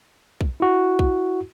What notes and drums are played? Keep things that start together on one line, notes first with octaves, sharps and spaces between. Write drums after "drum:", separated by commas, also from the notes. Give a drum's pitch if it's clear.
drum: kick
E4 F#4
drum: kick